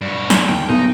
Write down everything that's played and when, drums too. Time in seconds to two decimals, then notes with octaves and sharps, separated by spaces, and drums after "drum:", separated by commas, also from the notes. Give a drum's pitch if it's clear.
0.01 G2 F#4
0.30 drum: snare
0.49 D#2 G5
0.69 B1 B2 D#4